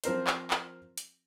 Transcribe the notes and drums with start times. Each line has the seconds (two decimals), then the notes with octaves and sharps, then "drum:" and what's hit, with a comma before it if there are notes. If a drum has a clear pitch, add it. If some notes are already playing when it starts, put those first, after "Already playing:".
0.04 F3 C4 A#4 C5, drum: hi-hat
0.27 drum: clap
0.51 drum: clap
0.97 drum: hi-hat